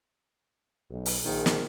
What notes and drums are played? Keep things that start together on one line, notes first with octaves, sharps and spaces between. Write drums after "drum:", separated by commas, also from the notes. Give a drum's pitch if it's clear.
B1
drum: open hi-hat
A#1 D#3
drum: snare